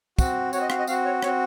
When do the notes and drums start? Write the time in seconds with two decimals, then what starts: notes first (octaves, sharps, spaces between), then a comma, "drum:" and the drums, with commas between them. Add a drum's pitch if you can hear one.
0.19 C4 F#4, drum: kick, tambourine
0.53 C4 F#4 C#5, drum: tambourine
0.61 D#5
0.70 F5, drum: rim click
0.79 D#5
0.87 C4 F#4 F5, drum: tambourine
1.05 C#5
1.23 C4 F#4 C#5, drum: rim click